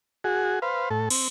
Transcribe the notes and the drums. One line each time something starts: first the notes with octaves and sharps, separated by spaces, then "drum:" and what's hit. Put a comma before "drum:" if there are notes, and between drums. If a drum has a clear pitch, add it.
F#4 G#4
B4 C5 F5
A2 A4
C4, drum: cymbal